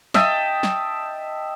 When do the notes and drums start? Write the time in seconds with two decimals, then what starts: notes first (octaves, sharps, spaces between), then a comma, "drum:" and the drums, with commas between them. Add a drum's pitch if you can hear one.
0.14 D#5 E5 G5 A5, drum: snare
0.63 drum: snare